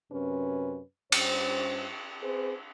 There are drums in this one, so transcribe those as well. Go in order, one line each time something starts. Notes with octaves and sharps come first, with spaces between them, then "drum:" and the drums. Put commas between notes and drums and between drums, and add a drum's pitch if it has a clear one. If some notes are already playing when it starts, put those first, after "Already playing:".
F#2 C3 C#4 B4
G2 C#4 C5, drum: cymbal
C4 G#4 B4 C5